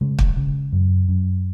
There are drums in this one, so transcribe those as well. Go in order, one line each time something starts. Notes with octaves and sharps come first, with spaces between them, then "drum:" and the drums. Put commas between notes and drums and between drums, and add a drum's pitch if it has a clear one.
C#3 G#3
drum: kick
C#3
F#2
F#2